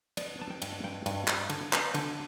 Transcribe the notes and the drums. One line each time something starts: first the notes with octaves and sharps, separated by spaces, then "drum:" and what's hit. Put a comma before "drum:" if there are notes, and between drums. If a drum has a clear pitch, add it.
B3 D5, drum: cymbal
B3 A5
G5
G2, drum: cymbal
G2 G5
G2, drum: cymbal
G2, drum: clap
D3, drum: cymbal
B3, drum: clap
D3, drum: cymbal